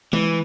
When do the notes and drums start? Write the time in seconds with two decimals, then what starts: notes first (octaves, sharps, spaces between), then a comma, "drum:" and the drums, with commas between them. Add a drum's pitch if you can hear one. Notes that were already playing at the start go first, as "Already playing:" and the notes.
0.13 E3, drum: tom G#3